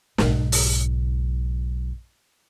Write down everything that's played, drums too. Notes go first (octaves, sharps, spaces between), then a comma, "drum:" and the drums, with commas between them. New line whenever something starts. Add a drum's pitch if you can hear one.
B1 G#2, drum: snare
drum: open hi-hat